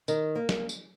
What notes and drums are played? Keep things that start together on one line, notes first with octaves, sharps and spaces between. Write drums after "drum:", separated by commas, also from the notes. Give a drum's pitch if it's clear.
D#3, drum: tambourine
A#3
drum: snare
drum: tambourine